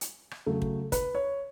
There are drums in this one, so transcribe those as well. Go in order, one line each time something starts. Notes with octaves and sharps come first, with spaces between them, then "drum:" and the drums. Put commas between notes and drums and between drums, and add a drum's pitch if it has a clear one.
drum: hi-hat
drum: rim click
C#3 F#3 A3
drum: kick
B4, drum: kick, hi-hat
C#5